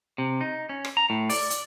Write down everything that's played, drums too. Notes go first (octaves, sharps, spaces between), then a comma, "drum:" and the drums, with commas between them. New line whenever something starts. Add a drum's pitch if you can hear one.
C3
D#4
C#4
drum: rim click
A#5
A2
D5, drum: open hi-hat
drum: hi-hat